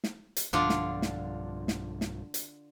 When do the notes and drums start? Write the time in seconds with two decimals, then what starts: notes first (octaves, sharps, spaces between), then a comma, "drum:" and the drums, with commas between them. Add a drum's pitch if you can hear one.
0.04 drum: snare
0.36 drum: hi-hat
0.53 B1 G2 D3 F3 D4 F4
0.69 drum: snare
1.02 drum: snare
1.68 drum: snare
2.01 drum: snare
2.34 drum: hi-hat